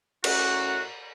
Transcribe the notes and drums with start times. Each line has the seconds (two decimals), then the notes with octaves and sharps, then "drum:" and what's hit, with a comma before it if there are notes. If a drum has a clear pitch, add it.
0.24 A2 C#4 F#4, drum: cymbal